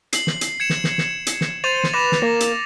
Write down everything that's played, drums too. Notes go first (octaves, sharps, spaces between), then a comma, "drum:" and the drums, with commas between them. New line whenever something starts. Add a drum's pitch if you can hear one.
C7 F#7, drum: hi-hat
drum: snare
drum: hi-hat
G#6 C#7 E7
drum: snare
drum: snare
drum: snare
drum: hi-hat
drum: snare
C5 A6 D#7 F7
drum: snare
B4 D6 A#6 E7
drum: snare
A#3 A#6
drum: hi-hat